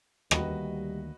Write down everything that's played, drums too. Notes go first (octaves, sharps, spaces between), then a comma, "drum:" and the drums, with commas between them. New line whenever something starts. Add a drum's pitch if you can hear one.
D2 D#3 G3 A#3 F#4 B4 D#5, drum: rim click